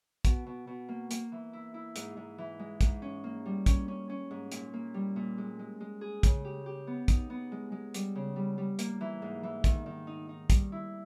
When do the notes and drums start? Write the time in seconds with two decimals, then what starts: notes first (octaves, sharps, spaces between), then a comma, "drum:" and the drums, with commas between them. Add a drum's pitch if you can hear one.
0.25 B2, drum: kick, hi-hat
0.47 B2
0.67 B2
0.89 A#3
1.11 A#3, drum: hi-hat
1.32 E3
1.53 E4
1.74 E4
1.96 G#2, drum: hi-hat
2.17 G#2
2.38 E3
2.59 G#3
2.81 G#2, drum: kick, hi-hat
3.02 C#4
3.24 A#3
3.46 G3
3.66 C#4, drum: kick, hi-hat
3.88 C#4
4.10 C#4
4.31 G#2
4.52 A#2, drum: hi-hat
4.74 A#3
4.94 G3
5.16 A#2
5.38 G#3
5.59 G#3
5.81 G#3
6.01 G#4
6.23 C#3, drum: kick, hi-hat
6.45 G4
6.66 G4
6.87 B3
7.08 D#4, drum: kick, hi-hat
7.30 B3
7.52 G#3
7.72 G#3
7.94 G3, drum: hi-hat
8.15 C#3
8.36 G3
8.58 G3
8.79 A#3, drum: hi-hat
9.01 E3
9.22 G#2
9.43 E3
9.64 D#3, drum: kick, hi-hat
9.86 D#3
10.07 D#4
10.29 D#4
10.50 G3, drum: kick, hi-hat
10.72 E4